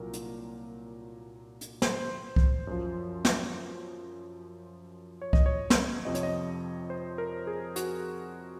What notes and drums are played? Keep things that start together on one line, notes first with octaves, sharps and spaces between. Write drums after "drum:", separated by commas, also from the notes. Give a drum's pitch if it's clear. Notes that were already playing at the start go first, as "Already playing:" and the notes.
Already playing: C2 A#2 F#3 A#4
drum: hi-hat
drum: hi-hat
C5, drum: snare
drum: kick C2
F#2 F3
drum: snare
C#5
D#5, drum: kick C2
C#5
drum: snare
F2 C3 F3 D#5
C#5, drum: hi-hat
D#5
C5
A#4
G#4
F#4, drum: hi-hat